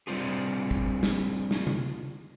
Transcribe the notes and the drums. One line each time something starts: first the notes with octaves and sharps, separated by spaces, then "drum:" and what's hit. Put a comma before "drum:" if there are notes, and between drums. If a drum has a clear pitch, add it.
G3 C4 D4 F4 G#4
drum: kick
drum: snare
drum: snare
drum: tom C3